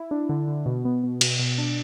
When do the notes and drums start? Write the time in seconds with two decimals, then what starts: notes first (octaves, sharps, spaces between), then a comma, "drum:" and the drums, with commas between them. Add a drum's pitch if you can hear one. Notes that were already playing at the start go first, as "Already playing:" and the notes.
Already playing: E4
0.11 D4
0.29 D3
0.48 D3
0.66 B2
0.85 B3
1.04 B2
1.21 B2, drum: cymbal
1.39 B2
1.58 D4